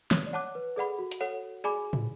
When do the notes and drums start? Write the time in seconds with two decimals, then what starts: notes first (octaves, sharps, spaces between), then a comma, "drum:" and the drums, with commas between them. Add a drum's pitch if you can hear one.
0.11 C#5, drum: snare
0.26 D5
0.33 C#5 F#5 A5 D6 F#6
0.55 B4
0.76 G#4 A4 D5 F#5 B5
0.99 F#4
1.11 drum: hi-hat
1.21 A4 C#5 F#5
1.64 G#4 D5 G#5 B5 D6
1.93 drum: tom